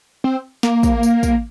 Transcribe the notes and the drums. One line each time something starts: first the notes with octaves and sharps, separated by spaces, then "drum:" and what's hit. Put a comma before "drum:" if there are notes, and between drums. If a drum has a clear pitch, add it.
C4
A#3, drum: snare
drum: kick, tambourine
drum: tambourine
drum: kick, tambourine